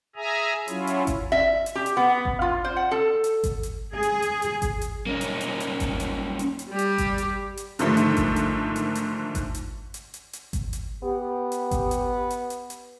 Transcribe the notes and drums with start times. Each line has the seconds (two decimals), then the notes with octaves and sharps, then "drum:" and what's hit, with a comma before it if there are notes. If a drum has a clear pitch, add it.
0.16 G#4 E5 G#5 A#5
0.68 F#3 C#4 E4 F4, drum: hi-hat
0.87 drum: hi-hat
1.07 drum: kick G#1, hi-hat
1.32 E5
1.66 drum: hi-hat
1.75 G4
1.86 drum: hi-hat
1.97 B3
2.25 drum: kick G#1
2.42 F4
2.65 C5
2.76 F#5
2.91 A4
3.24 drum: hi-hat
3.44 drum: kick G#1, hi-hat
3.63 drum: hi-hat
3.93 G#4
4.03 drum: hi-hat
4.22 drum: hi-hat
4.42 drum: hi-hat
4.62 drum: kick G#1, hi-hat
4.82 drum: hi-hat
5.06 A#3 C#4 D#4
5.21 drum: hi-hat
5.41 drum: hi-hat
5.60 drum: hi-hat
5.80 drum: kick G#1, hi-hat
6.00 drum: hi-hat
6.39 drum: hi-hat
6.59 drum: hi-hat
6.69 G3 G4
6.79 drum: hi-hat
6.98 drum: kick G#1, hi-hat
7.18 drum: hi-hat
7.57 drum: hi-hat
7.79 G#2 D3 D#3 F3 G3 A3, drum: hi-hat
7.97 drum: hi-hat
8.17 drum: kick G#1, hi-hat
8.36 drum: hi-hat
8.76 drum: hi-hat
8.95 drum: hi-hat
9.35 drum: kick G#1, hi-hat
9.55 drum: hi-hat
9.94 drum: hi-hat
10.14 drum: hi-hat
10.33 drum: hi-hat
10.53 drum: kick G#1, hi-hat
10.73 drum: hi-hat
11.03 B3 G4
11.52 drum: hi-hat
11.71 drum: kick G#1, hi-hat
11.91 drum: hi-hat
12.30 drum: hi-hat
12.50 drum: hi-hat
12.70 drum: hi-hat